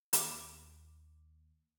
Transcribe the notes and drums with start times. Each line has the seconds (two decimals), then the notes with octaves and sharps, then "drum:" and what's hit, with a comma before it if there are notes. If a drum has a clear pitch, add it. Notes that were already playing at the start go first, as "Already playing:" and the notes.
0.13 D#2 D6, drum: hi-hat